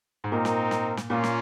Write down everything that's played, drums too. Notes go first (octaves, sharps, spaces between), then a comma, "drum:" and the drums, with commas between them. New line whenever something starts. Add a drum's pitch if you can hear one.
G#2
A#2 C4 D#4 A#4
drum: snare
drum: snare
drum: snare
A#2 A#3 C#4 F4
drum: snare